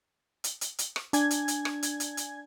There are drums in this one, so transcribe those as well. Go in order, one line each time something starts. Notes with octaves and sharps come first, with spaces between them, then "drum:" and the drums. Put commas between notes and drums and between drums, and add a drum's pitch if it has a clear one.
drum: hi-hat
drum: hi-hat
drum: hi-hat
drum: rim click
D4 G#5 G#6, drum: hi-hat
drum: hi-hat
drum: hi-hat
drum: rim click
drum: hi-hat
drum: hi-hat
drum: hi-hat